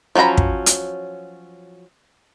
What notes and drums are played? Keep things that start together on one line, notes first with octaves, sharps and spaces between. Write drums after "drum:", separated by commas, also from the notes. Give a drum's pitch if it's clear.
F3 F#3 C#4 A#5 B5
drum: kick
drum: hi-hat